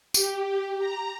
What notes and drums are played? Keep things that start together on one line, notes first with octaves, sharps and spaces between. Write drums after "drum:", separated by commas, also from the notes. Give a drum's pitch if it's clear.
G4, drum: tambourine
A#5